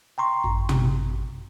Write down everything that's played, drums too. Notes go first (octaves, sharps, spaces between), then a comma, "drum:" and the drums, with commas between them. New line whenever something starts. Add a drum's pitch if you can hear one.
G5 A#5 C6 C#6
G#1 F#2
drum: tom